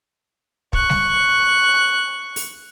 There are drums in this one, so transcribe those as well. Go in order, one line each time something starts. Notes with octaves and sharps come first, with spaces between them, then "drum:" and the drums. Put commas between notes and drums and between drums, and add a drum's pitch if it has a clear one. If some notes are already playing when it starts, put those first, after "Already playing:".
C#6 F#6, drum: kick
drum: snare G3
drum: open hi-hat